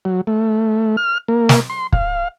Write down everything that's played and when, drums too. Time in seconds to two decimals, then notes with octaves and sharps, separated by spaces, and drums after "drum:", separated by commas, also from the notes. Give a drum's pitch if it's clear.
0.05 F#3
0.27 A3
0.97 F6
1.28 A#3
1.49 drum: snare
1.70 C6
1.93 F5, drum: kick